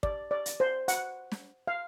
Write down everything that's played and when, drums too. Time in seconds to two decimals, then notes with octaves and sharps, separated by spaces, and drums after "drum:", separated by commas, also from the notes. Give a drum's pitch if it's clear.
0.03 D5, drum: kick
0.31 D5
0.46 drum: hi-hat
0.60 C5
0.88 F#5, drum: hi-hat
1.32 drum: snare
1.67 F5